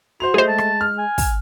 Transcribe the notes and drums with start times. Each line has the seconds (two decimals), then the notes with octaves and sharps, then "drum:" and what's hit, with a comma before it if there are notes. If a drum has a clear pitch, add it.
0.20 F#4 C5 C6 F7
0.34 A3 G#4 C5 D#5
0.48 G#3 A5
0.58 drum: rim click
0.81 F6
0.98 G#5
1.18 drum: kick, open hi-hat